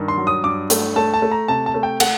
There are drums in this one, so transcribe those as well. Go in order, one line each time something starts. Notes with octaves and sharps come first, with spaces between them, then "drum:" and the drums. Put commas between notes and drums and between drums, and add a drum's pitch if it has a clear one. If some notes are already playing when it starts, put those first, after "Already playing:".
Already playing: G2 D#3
C6
F#3
D#6
G2 D6
A3, drum: hi-hat
A3 A5
A5
A3
A#5
C3 A5
A5
A3
G5
A3 F#5, drum: cymbal